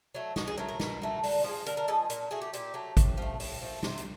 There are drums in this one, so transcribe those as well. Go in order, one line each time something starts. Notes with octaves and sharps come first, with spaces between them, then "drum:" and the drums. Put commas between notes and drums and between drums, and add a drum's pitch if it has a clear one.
F#3 A3
B2 F#4, drum: snare
G#4
F#3 A3 A#4
A#4
B2, drum: snare
F#3 A3
D3, drum: open hi-hat
F3 G#3
D3 A#4, drum: hi-hat
A#4
F3 G#3 A4
A#2 A#4, drum: hi-hat
F#3 A3 G#4
G4
A#2 G4, drum: hi-hat
F#3 A3
A2, drum: kick G#1, hi-hat
F3 A3
A2, drum: open hi-hat
F3 A3
C3, drum: snare
drum: hi-hat